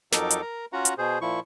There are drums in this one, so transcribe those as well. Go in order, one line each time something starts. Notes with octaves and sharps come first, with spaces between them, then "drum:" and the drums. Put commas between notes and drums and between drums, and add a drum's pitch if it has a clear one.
F2 F#3 D#4 A4 A#4 D6, drum: snare
drum: hi-hat
A#4 A#5
C#4 F4 F#4 F#5 A#5
drum: hi-hat
B2 G#4 C5
A#2 F3 E4 C#6